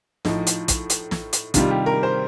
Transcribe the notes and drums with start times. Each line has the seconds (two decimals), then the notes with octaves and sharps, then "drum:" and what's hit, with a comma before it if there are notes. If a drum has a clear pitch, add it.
0.25 A2 F3 D#4, drum: snare
0.47 drum: hi-hat
0.68 drum: kick, hi-hat
0.90 drum: hi-hat
1.11 drum: snare
1.33 drum: hi-hat
1.54 C3 D#3 G3 F4, drum: kick, hi-hat
1.71 G4
1.86 A#4
2.03 C5